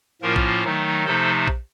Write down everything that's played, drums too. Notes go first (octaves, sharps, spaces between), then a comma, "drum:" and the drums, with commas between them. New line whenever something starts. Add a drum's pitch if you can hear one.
A2 F3 A#3 C#4 F4 A#4
drum: kick A#1
D#3 F#3 A3 D#4
C3 F3 A3 D#4 A4 C5
drum: kick A#1